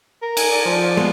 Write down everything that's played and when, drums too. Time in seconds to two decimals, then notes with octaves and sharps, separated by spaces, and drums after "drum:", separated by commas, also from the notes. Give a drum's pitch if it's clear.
0.22 A#4
0.37 G#5, drum: cymbal
0.52 D5
0.65 F3
0.97 G#3 B3